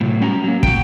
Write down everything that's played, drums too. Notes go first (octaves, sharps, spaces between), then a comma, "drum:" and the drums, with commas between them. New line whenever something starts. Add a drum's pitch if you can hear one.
A2 C3 F#3
G3 C#4 F#5 A#5
F#3 A#3
F#4 G5, drum: kick